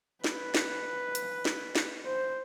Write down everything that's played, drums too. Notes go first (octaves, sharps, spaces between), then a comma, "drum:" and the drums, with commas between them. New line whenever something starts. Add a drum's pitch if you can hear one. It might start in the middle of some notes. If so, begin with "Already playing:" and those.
B4, drum: snare
drum: snare
drum: hi-hat
drum: snare
drum: snare
C5